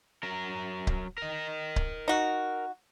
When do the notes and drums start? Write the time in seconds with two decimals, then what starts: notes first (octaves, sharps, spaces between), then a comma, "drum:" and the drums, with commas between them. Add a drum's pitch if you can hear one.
0.23 F#3 A#4
0.87 drum: kick C#1
1.18 A#4 D#5
1.76 drum: kick C#1
2.08 D#4 F#4